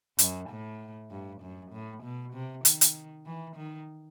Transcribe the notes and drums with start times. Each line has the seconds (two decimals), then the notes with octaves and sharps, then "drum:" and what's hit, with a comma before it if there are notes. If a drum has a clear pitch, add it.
0.19 F#2, drum: hi-hat
0.49 A2
1.11 G2
1.41 F#2
1.72 A2
2.03 B2
2.33 C3
2.65 D#3, drum: hi-hat
2.81 drum: hi-hat
3.26 E3
3.56 D#3